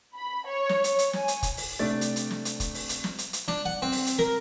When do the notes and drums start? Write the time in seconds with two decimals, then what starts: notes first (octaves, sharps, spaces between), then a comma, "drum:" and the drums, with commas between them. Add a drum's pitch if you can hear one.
0.14 B5
0.48 C#5
0.69 drum: snare
0.84 drum: hi-hat
0.99 drum: hi-hat
1.13 G#5, drum: snare
1.28 drum: hi-hat
1.43 drum: kick F1, hi-hat
1.57 drum: open hi-hat
1.79 C3 A3 D4 D5 A6
2.01 drum: hi-hat
2.16 drum: hi-hat
2.31 drum: snare
2.45 drum: hi-hat
2.60 drum: kick F1, hi-hat
2.74 drum: open hi-hat
2.89 drum: hi-hat
3.04 drum: snare
3.18 drum: hi-hat
3.33 drum: hi-hat
3.48 D4, drum: snare
3.65 F#5
3.82 C4
3.92 drum: open hi-hat
4.06 drum: hi-hat
4.19 A#4, drum: snare